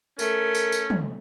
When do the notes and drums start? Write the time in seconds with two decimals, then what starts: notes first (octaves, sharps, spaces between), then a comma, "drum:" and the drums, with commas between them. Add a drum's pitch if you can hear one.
0.19 A3 C#4 A#4, drum: tambourine
0.55 drum: tambourine
0.72 drum: tambourine
0.90 drum: tom